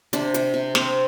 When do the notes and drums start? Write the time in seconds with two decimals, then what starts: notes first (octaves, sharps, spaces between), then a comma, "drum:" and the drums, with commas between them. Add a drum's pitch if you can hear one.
0.13 C3 D4, drum: hi-hat
0.34 C3, drum: hi-hat
0.54 C3
0.75 C3 C4, drum: snare